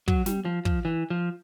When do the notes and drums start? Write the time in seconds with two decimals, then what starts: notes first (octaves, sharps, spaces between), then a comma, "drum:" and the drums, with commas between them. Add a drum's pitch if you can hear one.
0.08 F#3, drum: kick
0.26 G3, drum: snare
0.45 F3
0.65 F3, drum: kick
0.85 E3
1.10 F3